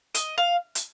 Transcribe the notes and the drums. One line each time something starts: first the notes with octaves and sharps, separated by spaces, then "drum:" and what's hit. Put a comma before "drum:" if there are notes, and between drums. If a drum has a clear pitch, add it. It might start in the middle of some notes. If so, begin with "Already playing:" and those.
D#5, drum: hi-hat
F5
drum: hi-hat